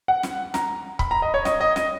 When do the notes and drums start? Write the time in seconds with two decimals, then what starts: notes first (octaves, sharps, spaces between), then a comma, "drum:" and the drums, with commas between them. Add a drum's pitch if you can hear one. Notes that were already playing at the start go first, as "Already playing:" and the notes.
0.08 F#5
0.23 drum: snare
0.54 A#5, drum: snare
0.99 B5, drum: kick C#1
1.11 A#5
1.22 D#5
1.34 C#5
1.45 D#5, drum: snare
1.61 D#5
1.76 D#5, drum: snare